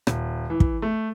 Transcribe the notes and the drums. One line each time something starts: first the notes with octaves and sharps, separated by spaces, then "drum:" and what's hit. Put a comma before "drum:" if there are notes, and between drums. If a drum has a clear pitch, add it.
D#1, drum: rim click
E3
drum: kick
A3